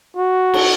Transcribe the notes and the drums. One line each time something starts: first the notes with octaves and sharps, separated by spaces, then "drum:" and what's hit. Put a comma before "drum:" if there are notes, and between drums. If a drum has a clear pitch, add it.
F#4
drum: cymbal